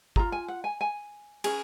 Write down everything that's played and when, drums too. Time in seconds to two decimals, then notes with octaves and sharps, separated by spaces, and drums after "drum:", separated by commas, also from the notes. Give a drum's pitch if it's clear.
0.16 F4 G#4 A#5, drum: kick
0.32 G#5
0.48 F#5
0.64 G#5
0.81 G#5
1.44 C#4 G#4, drum: cymbal